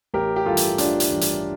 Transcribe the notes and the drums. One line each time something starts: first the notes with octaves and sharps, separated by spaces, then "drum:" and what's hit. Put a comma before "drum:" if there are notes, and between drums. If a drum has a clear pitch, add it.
A1 G4 A#4
G4
G2 E3 F4 A4
drum: hi-hat
A1 D4 F4, drum: hi-hat
drum: hi-hat
G2 E3
drum: hi-hat